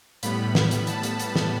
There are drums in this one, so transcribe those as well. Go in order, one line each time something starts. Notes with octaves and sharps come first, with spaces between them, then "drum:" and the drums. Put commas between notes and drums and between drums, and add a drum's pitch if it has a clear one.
A2 G3 B3 B5, drum: hi-hat
drum: snare
drum: hi-hat
A5, drum: hi-hat
drum: hi-hat
drum: hi-hat
drum: snare